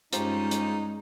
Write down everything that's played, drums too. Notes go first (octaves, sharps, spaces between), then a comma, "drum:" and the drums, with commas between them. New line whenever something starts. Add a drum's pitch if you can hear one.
G2 G#3 C#4 D#4 F4 G4 C5, drum: hi-hat
drum: hi-hat